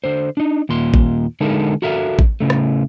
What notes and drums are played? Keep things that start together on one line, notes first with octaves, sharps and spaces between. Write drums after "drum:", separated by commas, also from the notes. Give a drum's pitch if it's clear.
D3 C5
D4 D#4
D#2 A#2 C6
drum: kick A1
D3 G#3 D#4 A4 A#4
F#4 A4 A#4 E5 F5
drum: kick A1
A2 C#3 A3
drum: rim click